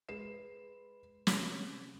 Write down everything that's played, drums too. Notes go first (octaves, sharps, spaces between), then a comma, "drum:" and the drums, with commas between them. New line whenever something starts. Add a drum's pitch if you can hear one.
G#3 B4 C7 E7
C3 C#4, drum: snare